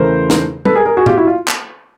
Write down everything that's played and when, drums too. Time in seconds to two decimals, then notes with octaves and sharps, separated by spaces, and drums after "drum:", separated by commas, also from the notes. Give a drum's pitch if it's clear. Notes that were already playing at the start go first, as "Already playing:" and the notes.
Already playing: E2 C#3 E3 A3 A#4 C5
0.30 drum: snare
0.65 A4 B4, drum: tom
0.75 G#4 A#4
0.86 G#4 A#4
0.97 F#4 G#4
1.06 F4 G4, drum: tom A2
1.17 E4 F#4
1.27 F4
1.48 drum: clap